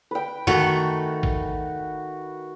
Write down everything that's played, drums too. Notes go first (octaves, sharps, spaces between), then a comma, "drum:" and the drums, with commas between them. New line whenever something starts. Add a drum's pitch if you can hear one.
B4 G5
D#3 A3 F#4, drum: tom F#2
drum: kick